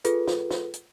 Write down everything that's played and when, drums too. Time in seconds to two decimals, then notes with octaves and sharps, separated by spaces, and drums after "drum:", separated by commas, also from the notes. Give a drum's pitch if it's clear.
0.04 F4 G#4 A4 B4, drum: hi-hat
0.28 drum: snare
0.51 drum: snare
0.74 drum: hi-hat